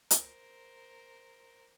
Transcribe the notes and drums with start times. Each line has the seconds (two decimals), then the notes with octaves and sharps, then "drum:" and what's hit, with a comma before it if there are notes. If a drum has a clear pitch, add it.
0.11 A#4 C5, drum: hi-hat